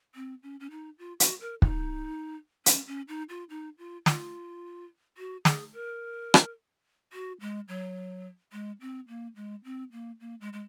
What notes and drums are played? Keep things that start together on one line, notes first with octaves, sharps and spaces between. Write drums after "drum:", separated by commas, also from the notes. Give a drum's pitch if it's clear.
C4
C#4
C#4
D#4
F4
F#4, drum: hi-hat
A#4
D#4, drum: kick
C#4, drum: hi-hat
C#4
D#4
F4
D#4
F4
F4, drum: snare
F#4
G#4, drum: snare
A#4
drum: rim click
F#4
G#3
F#3
G#3
C4
A#3
G#3
C4
A#3
A#3
G#3
G#3